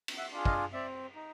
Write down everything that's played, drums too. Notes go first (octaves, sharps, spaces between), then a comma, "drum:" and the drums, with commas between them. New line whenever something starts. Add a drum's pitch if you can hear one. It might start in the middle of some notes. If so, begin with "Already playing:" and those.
drum: cymbal
E5 F#5
D4 F4 G#4
D#5 F5, drum: kick
C4 D5 E5
D#4